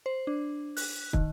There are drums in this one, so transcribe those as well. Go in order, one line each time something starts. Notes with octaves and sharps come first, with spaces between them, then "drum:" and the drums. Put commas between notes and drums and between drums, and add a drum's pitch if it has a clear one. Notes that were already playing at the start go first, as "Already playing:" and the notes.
C5
D4
F#6, drum: open hi-hat
D#3, drum: kick